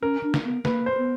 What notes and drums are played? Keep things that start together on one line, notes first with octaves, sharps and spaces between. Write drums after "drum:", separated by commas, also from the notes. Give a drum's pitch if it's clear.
C#4 A#4
D4
drum: snare
B3
A#3 B4, drum: snare
C5
B3